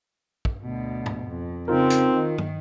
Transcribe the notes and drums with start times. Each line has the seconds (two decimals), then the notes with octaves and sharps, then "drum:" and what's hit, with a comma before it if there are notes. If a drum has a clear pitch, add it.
0.45 drum: kick
0.63 D2 B2
1.06 drum: tom
1.27 F2
1.68 C#3 C4 D#4 F4 A#4
1.90 drum: hi-hat
2.13 D#3
2.38 drum: tom